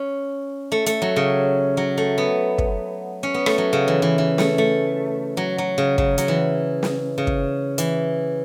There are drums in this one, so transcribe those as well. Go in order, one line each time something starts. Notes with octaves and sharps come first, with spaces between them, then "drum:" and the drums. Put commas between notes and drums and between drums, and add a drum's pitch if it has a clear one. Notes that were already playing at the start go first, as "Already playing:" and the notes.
Already playing: C#4
A3
A3, drum: hi-hat
F#3
C#3
F#3
A3
B3
drum: kick
C#4
B3
A3, drum: rim click
F#3
C#3
E3
E3
E3
A3, drum: snare
A3
F#3
F#3
C#3
C#3, drum: kick
F#3, drum: hi-hat
E3
drum: snare
C#3
drum: kick
E3, drum: hi-hat